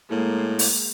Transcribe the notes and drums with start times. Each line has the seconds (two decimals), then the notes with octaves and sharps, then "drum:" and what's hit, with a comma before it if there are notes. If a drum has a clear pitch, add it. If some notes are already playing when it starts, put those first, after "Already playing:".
0.11 A2 G#3 A#3
0.59 drum: open hi-hat